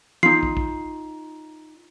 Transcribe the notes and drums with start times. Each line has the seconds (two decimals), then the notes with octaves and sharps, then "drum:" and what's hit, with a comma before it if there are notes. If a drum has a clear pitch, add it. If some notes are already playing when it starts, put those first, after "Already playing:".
0.23 D#4 F4 C7, drum: tom E3
0.43 drum: kick
0.57 drum: kick